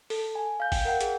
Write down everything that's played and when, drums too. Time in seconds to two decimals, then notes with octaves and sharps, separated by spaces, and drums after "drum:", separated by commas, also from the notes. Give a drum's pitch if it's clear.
0.10 A4, drum: open hi-hat
0.35 G#5
0.60 F5 G6
0.72 G5, drum: kick G#1, open hi-hat
0.85 A#4 F#5 G5
1.01 G#4, drum: hi-hat